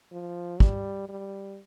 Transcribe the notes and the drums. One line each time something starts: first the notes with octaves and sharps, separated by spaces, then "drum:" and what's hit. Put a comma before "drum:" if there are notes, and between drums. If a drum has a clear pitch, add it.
F3
G3, drum: kick
G3